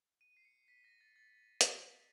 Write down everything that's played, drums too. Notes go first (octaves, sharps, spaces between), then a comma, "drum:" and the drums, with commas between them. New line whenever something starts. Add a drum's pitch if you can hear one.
D#7
C7
C#7
B6
A#6
A6
A6
drum: hi-hat